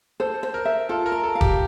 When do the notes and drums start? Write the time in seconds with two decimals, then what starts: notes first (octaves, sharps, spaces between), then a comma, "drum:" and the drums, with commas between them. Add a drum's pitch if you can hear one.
0.20 A4 C5
0.43 C5
0.54 A#4
0.65 E5
0.89 F4 A4
1.06 A#4
1.12 A#5
1.23 A4
1.35 F5
1.41 G4, drum: kick